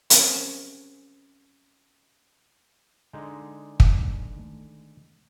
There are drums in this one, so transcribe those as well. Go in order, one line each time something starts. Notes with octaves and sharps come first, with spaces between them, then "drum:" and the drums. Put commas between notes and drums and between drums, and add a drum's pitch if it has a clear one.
C4 C#4 G#4 A#4 G#5 B5, drum: hi-hat
D3 G#3 D#4
B2 F#3 A#3, drum: kick
D#3 A3